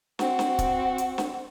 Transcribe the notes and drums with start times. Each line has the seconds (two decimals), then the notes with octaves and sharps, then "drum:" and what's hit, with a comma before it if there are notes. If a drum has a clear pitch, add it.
0.19 C4 F#4, drum: snare
0.39 drum: snare
0.59 drum: kick, hi-hat
0.98 drum: hi-hat
1.18 drum: snare